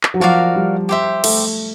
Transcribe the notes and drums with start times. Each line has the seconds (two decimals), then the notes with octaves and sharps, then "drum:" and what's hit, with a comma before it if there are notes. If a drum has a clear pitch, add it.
0.03 drum: clap
0.14 F#3
0.20 F3 F#4 A#4 D5 F5
0.56 G3
0.89 G4 C5 E5
1.24 A3, drum: cymbal